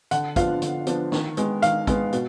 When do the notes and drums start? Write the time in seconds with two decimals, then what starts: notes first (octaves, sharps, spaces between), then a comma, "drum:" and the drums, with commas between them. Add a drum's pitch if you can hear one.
0.11 D3 F#5, drum: hi-hat
0.36 F3 B3 D4 F4 F5, drum: kick, hi-hat
0.62 D3, drum: hi-hat
0.87 F3 B3 D4 F4, drum: hi-hat
1.12 D#3, drum: snare
1.37 G#3 B3, drum: hi-hat
1.62 D#3 F5, drum: hi-hat
1.87 G#3 B3, drum: kick, hi-hat
2.13 B2, drum: hi-hat